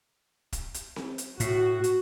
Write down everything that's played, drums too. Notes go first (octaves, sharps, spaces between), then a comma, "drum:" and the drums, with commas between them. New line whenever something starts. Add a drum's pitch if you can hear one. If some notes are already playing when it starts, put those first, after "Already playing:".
drum: kick, hi-hat
drum: hi-hat
drum: snare C4
drum: hi-hat
A2 F#4, drum: hi-hat
drum: hi-hat